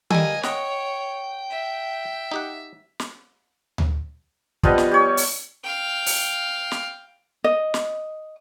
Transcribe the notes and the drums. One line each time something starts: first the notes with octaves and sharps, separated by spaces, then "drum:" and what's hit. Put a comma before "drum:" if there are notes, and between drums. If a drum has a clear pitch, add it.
G3 A#3 A4 D#5 G#5, drum: tom D#3
C#5 D#5 F#5 G5, drum: snare
E5
D#4 G4 F#5
drum: snare
drum: tom D2
F3 G3 B3 D#5, drum: kick
drum: snare
G4 C#5
drum: open hi-hat
F5 G5
drum: open hi-hat
drum: snare
D#5
drum: snare